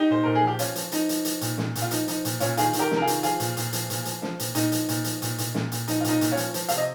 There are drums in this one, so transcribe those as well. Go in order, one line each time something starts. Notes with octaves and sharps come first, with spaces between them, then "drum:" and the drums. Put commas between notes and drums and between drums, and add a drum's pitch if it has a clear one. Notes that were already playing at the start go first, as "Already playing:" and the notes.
Already playing: D#4 G4
A#2 C5
A#2 A#4
G#4
F3 G4
F3 C#4 F4, drum: hi-hat
F3, drum: hi-hat
F3 D#4, drum: hi-hat
F3, drum: hi-hat
F3, drum: hi-hat
A#2, drum: hi-hat
A#2, drum: snare
A#2, drum: hi-hat
F4
F3 D#4, drum: hi-hat
F3 D#4, drum: hi-hat
A#2, drum: hi-hat
A#2 C#4 F4, drum: hi-hat
D#3 F4 G#4, drum: hi-hat
D#3, drum: hi-hat
G4 A#4
C3, drum: snare
A#4
F4 G#4
D#3, drum: hi-hat
F3 F4 G#4, drum: hi-hat
A#2, drum: hi-hat
A#2, drum: hi-hat
F3, drum: hi-hat
A#2, drum: hi-hat
F3, drum: hi-hat
F3, drum: snare
A#2, drum: hi-hat
A#2 D#4, drum: hi-hat
F3, drum: hi-hat
A#2, drum: hi-hat
F3, drum: hi-hat
A#2, drum: hi-hat
A#2, drum: hi-hat
A#2, drum: snare
A#2, drum: hi-hat
F3 D#4, drum: hi-hat
F4
A#2 D#4, drum: hi-hat
A#2, drum: hi-hat
C#4 F4
F3, drum: hi-hat
F3, drum: hi-hat
C3 F5, drum: hi-hat
D#5